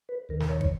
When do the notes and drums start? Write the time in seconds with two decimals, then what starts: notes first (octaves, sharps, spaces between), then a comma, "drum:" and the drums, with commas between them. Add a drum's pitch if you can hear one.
0.09 B4
0.29 D#2 D#3 A#4
0.40 A#4, drum: snare
0.49 C#5
0.61 C#5, drum: kick